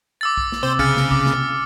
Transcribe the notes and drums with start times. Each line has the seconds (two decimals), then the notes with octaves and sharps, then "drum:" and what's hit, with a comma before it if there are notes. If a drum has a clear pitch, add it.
0.21 D6 E6 A6
0.37 drum: kick B1
0.52 drum: snare
0.63 C3 C5
0.79 C#3 F6 A6 C#7, drum: kick B1
0.96 drum: snare
1.11 D6, drum: kick B1
1.26 drum: snare